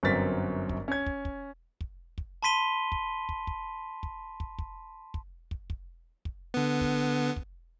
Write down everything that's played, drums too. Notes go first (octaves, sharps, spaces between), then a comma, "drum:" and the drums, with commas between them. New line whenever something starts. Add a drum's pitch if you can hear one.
G1 F#2 C4 A#4 A6 B6
drum: kick
C#4 G#6
drum: kick
drum: kick
drum: kick
drum: kick
A5 B5 C6 B6 D#7 G7
drum: kick
drum: kick
drum: kick
drum: kick
drum: kick
drum: kick
drum: kick
drum: kick
drum: kick
drum: kick
D3 B3
drum: kick
drum: kick